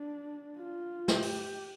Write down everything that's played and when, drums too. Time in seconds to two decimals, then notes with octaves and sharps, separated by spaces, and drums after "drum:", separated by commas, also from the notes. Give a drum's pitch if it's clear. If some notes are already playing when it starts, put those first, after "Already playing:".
Already playing: D4
0.57 F4
1.08 G4, drum: snare
1.22 drum: open hi-hat